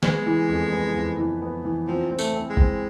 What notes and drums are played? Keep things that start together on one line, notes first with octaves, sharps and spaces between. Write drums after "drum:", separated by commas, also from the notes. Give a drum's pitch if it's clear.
G#3 B3, drum: snare
E3
F2
B3
F2
E3
B3
E3
F3 C4
C4
A3, drum: tambourine
C4
G#3
C4, drum: kick A1